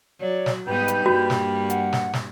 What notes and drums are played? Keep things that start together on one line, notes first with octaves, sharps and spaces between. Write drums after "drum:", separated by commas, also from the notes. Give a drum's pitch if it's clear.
F#3 C#5 D5
drum: snare
G#2 G3 B3 D#4 B4 G6
drum: hi-hat
G2 A#3 F#4
drum: snare
F#5, drum: hi-hat
drum: snare
drum: snare